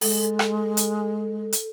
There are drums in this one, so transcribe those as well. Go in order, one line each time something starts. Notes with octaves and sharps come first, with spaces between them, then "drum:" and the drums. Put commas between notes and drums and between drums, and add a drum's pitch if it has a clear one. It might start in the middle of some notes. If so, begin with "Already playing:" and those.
G#3 A4, drum: open hi-hat
drum: rim click
drum: hi-hat
drum: hi-hat